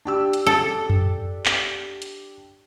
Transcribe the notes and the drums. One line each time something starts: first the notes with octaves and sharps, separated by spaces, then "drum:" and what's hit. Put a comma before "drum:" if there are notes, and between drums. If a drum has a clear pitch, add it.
D4 G4 E6
drum: hi-hat
A4
drum: tom F2
drum: clap
drum: hi-hat